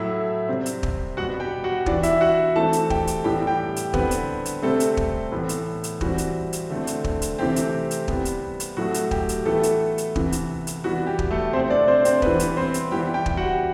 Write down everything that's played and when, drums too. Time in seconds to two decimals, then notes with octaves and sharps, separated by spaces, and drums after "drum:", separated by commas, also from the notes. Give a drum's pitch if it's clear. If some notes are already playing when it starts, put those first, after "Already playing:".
Already playing: A2 F#3 A3 E4 E5
0.48 C3 G3 C4
0.66 drum: hi-hat
0.83 drum: kick
1.17 B2 G3 B3 F#4 F#5
1.40 G4 G5
1.64 F#4 F#5
1.86 E3 B3 D4 D5, drum: kick
2.03 E4 E5, drum: hi-hat
2.21 F#4 F#5
2.56 E3 A3 C4 A4 A5
2.73 drum: hi-hat
2.90 G4 G5, drum: kick
3.07 drum: hi-hat
3.24 A2 E3 G3 B3 G4 G5
3.47 G4 G5
3.76 drum: hi-hat
3.94 D3 G3 B3 C4 B4, drum: kick
4.11 drum: hi-hat
4.45 drum: hi-hat
4.63 C3 G3 A3 C4 A4
4.80 drum: hi-hat
4.97 drum: kick
5.32 A2 E3 B3
5.49 drum: hi-hat
5.84 drum: hi-hat
6.01 E3 G3 C4 F#4, drum: kick
6.18 drum: hi-hat
6.53 drum: hi-hat
6.70 D3 A3 C4
6.87 drum: hi-hat
7.04 drum: kick
7.22 drum: hi-hat
7.39 C3 E3 A3 C4 G4
7.56 drum: hi-hat
7.91 drum: hi-hat
8.08 C3 G3 B3, drum: kick
8.25 drum: hi-hat
8.60 drum: hi-hat
8.77 A2 F#3 A3 F#4
8.94 drum: hi-hat
9.11 G4, drum: kick
9.29 drum: hi-hat
9.45 E3 A3 B3 A4
9.63 drum: hi-hat
9.98 drum: hi-hat
10.16 C3 E3 B3, drum: kick
10.32 drum: hi-hat
10.67 drum: hi-hat
10.84 E3 G3 B3 F#4
11.07 G4
11.19 drum: kick
11.31 A3 A4
11.53 B2 A3 C4 C5
11.70 D4 D5
11.87 C4 C5
12.05 C4 C5, drum: hi-hat
12.22 E3 G3 B3 B4, drum: kick
12.40 drum: hi-hat
12.57 C4 C5
12.74 drum: hi-hat
12.91 E3 G3 B3 G4 G5
13.14 G4 G5
13.26 drum: kick
13.37 F#4 F#5